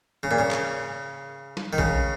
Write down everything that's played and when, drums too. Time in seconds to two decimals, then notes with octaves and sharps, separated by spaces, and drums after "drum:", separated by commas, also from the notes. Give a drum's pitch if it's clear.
0.23 C#3
0.31 A#2
0.39 C#3
0.51 drum: clap
1.57 drum: snare
1.73 D#3
1.78 C#3, drum: kick A#1